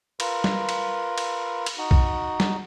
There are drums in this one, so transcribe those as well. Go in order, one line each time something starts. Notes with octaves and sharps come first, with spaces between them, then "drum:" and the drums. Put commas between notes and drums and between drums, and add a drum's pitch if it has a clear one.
F4 A#4 B4, drum: cymbal
drum: snare G3
drum: cymbal
drum: cymbal
drum: cymbal
D#4 F#4
drum: kick A#1
drum: snare G3